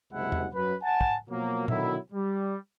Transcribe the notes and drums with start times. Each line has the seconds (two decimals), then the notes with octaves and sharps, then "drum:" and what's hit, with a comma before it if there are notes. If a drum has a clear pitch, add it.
0.12 F#1 C2 C3 G#3 E4 F#5
0.32 drum: tom E2
0.54 F#2 B4
0.83 F#5 G#5 A5
1.01 drum: kick
1.29 B2 F3 F#3 A#3
1.68 B2 D3 D#3 F#3 E4, drum: tom A#2
2.12 G3